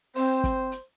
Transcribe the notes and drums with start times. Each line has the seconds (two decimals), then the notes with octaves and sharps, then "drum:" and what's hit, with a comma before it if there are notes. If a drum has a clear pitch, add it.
0.16 C4 C5, drum: open hi-hat
0.44 drum: kick, hi-hat
0.72 drum: hi-hat